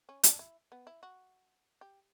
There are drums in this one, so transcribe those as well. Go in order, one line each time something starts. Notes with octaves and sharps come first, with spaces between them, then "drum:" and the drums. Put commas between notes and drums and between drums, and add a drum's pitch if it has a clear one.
C#4
D4, drum: hi-hat
E4
B3
E4
F#4
G4